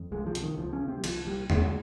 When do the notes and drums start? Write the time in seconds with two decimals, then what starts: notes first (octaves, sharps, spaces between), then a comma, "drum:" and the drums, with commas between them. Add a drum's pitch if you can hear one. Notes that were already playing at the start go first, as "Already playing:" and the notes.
Already playing: F2
0.11 C2 G#3
0.26 F3
0.35 C3, drum: hi-hat
0.42 D#3
0.57 C#2 F3
0.73 C#4
0.81 C3
0.88 C4
0.98 G3
1.04 C2 F3, drum: cymbal
1.27 A#2 G3
1.50 C#2 G#3, drum: tom E2